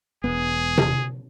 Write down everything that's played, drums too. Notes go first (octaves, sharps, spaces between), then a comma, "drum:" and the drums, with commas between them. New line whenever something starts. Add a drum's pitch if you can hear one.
E1 B3 G#4
drum: tom C3